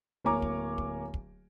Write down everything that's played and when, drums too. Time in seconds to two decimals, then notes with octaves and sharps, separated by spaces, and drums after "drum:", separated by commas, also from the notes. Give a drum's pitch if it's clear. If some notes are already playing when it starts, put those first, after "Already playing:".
0.24 D1 A#3 C#5 G#5 A#5 D6
0.42 drum: kick
0.78 drum: kick
1.14 drum: kick